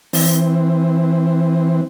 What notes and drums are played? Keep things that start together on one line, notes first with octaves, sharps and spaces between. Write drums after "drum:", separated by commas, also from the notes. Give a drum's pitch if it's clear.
E3 C4, drum: open hi-hat